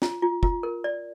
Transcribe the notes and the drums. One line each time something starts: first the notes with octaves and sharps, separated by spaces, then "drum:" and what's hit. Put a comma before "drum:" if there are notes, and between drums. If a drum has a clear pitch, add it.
F4, drum: snare
F4
F4, drum: kick
A#4
D5